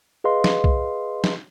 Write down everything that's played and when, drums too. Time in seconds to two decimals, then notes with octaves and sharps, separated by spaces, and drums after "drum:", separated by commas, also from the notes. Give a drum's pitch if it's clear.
0.24 G#4 B4 D#5 F5 C6
0.44 drum: snare
0.64 drum: kick B1
1.24 drum: snare